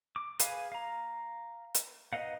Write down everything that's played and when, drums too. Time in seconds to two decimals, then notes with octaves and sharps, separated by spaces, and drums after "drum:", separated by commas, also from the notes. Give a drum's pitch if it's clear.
0.16 D6
0.40 G#4 B4 F5 G#5, drum: hi-hat
0.72 F5 A#5
1.75 drum: hi-hat
2.13 D#4 B4 D#5 F5 F#5